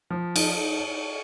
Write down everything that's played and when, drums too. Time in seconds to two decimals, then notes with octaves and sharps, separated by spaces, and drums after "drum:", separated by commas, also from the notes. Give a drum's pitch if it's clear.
0.10 F3
0.36 D#4, drum: cymbal